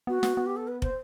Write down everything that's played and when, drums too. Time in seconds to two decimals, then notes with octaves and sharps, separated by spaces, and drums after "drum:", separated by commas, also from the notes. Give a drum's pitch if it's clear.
0.07 B3 F#4
0.23 B3, drum: snare
0.37 B3
0.46 G4
0.56 A4
0.67 B4
0.82 C5, drum: kick